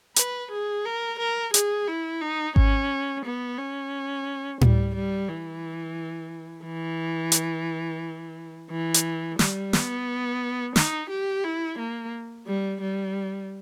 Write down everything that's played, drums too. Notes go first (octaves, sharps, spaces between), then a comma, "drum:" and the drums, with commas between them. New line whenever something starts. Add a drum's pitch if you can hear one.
B4, drum: hi-hat
G#4
A#4
A#4
G#4, drum: hi-hat
E4
D#4
C#4, drum: kick G#1
B3
C#4
G3, drum: tom A2
G3
E3
E3
drum: hi-hat
E3
drum: hi-hat
G3, drum: snare
B3, drum: snare
D#4, drum: snare
G4
E4
A#3
G3
G3